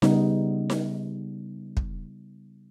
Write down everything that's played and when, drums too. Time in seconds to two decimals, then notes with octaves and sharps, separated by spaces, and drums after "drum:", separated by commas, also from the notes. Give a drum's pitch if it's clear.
0.02 C#3 G3 B3 D#4, drum: snare D#4
0.70 drum: snare D#4
1.77 drum: kick